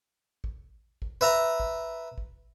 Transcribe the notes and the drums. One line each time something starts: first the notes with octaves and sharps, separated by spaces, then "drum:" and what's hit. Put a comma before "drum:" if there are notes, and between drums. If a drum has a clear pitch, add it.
drum: kick
drum: kick
B4 E5 A#5
drum: kick
drum: kick